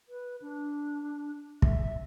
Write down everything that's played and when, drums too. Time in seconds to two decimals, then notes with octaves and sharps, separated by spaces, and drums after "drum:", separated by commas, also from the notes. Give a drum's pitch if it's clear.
0.09 B4
0.42 D4
1.62 E5, drum: kick